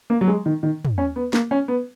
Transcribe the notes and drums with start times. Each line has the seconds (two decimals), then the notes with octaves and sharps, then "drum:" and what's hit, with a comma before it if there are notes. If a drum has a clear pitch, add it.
0.10 A#3
0.21 F#3
0.28 G#3
0.46 D#3
0.63 D#3
0.85 drum: tom
0.98 C#4
1.16 B3
1.33 A#3, drum: snare
1.51 C#4
1.68 B3